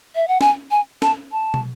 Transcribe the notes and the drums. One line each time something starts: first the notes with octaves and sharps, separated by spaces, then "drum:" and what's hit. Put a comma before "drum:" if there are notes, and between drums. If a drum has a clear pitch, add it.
E5
F#5
G#5, drum: snare
G#5
A5, drum: snare
A5
drum: tom